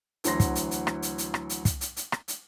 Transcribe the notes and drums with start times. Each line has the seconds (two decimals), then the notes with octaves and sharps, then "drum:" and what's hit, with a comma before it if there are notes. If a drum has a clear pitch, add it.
0.24 D2 E3 F#3 C6 A#6, drum: hi-hat
0.40 drum: kick, hi-hat
0.55 drum: hi-hat
0.71 drum: hi-hat
0.87 drum: rim click
1.02 drum: hi-hat
1.18 drum: hi-hat
1.34 drum: rim click
1.49 drum: hi-hat
1.65 drum: kick, hi-hat
1.81 drum: hi-hat
1.97 drum: hi-hat
2.12 drum: rim click
2.28 drum: hi-hat